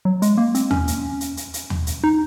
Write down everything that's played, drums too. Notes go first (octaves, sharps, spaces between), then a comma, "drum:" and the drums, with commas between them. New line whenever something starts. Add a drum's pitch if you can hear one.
F#3
G#3, drum: hi-hat
A#3
C4, drum: hi-hat
C#4, drum: tom
drum: hi-hat
drum: hi-hat
drum: hi-hat
drum: hi-hat
drum: tom
drum: hi-hat
D#4